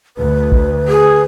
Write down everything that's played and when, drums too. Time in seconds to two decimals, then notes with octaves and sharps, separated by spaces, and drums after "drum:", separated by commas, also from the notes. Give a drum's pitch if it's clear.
0.17 D2 B4
0.52 drum: kick A#1
0.88 G#4